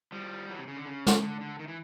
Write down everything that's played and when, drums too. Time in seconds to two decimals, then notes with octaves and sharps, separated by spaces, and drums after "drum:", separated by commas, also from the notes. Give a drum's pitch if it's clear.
0.12 F3 G3
0.49 E3 F#3
0.58 C3
0.68 C#3
0.77 D3
0.86 C#3
1.07 drum: snare
1.23 D3
1.41 D3
1.59 D#3
1.68 E3